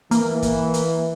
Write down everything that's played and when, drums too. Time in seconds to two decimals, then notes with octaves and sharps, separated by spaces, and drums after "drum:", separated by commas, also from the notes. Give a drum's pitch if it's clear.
0.11 E3 A#3, drum: hi-hat
0.42 drum: kick, hi-hat
0.74 drum: hi-hat